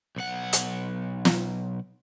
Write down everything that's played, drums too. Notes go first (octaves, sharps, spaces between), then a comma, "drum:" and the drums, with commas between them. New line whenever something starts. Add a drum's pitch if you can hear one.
B1 F#5
drum: hi-hat
drum: snare